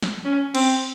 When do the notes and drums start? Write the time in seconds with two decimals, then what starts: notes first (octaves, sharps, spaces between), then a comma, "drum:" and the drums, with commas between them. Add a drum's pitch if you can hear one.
0.03 drum: snare
0.25 C#4
0.55 C4, drum: cymbal